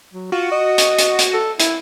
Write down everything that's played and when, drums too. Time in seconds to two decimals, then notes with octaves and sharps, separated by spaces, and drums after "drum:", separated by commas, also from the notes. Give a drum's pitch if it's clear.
0.14 F#3
0.32 F4 F#4
0.52 D#5
0.78 drum: hi-hat
0.98 drum: hi-hat
1.19 drum: hi-hat
1.34 A4
1.59 E4, drum: hi-hat